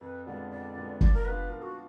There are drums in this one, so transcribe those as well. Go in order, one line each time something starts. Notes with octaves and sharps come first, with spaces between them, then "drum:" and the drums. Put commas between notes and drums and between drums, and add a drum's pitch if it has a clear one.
F2 B4
D3 F3 G#3 B3 D5
F2 D5
D3 F3 G#3 B3
F3 D5, drum: kick
A#4
B3 D4 F4 B4
F3 A#4
F#4